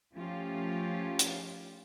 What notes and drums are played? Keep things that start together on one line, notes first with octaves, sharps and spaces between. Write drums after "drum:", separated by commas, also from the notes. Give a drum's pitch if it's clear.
F3 A3 C#4 F4 G4
drum: hi-hat